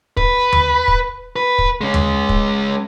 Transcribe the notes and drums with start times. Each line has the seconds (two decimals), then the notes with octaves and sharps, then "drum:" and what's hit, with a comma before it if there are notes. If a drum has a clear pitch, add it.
0.17 B4, drum: kick
0.52 drum: tom D#2
0.88 drum: kick
1.36 B4
1.58 drum: kick
1.81 G#3 C#4
1.94 drum: tom D#2
2.29 drum: kick